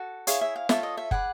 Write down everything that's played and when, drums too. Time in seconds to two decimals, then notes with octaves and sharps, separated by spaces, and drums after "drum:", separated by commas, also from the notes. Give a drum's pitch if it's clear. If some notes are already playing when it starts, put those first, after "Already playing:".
Already playing: F#4 A4
0.27 E4 G#4 C#5 F5, drum: hi-hat
0.41 E5
0.56 F5
0.69 F4 A4 C#5 E5, drum: snare
0.83 D#5
0.97 E5
1.11 G#4 B4 D5 F#5, drum: kick